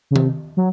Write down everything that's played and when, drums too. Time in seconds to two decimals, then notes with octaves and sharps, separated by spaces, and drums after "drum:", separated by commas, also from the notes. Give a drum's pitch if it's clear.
0.11 C#3
0.16 C3, drum: tom D#3
0.57 F#3